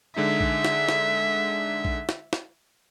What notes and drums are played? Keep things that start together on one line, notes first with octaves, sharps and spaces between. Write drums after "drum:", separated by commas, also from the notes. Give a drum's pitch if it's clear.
D3 G#3 D#4 E5
drum: kick A#1
drum: snare
drum: snare
drum: kick A#1
drum: snare
drum: snare